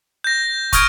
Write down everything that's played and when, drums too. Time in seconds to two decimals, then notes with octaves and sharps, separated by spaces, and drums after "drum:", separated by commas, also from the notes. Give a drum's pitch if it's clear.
0.24 G6 A#6
0.73 C#6 D#6 F6 G#6 D7, drum: kick, hi-hat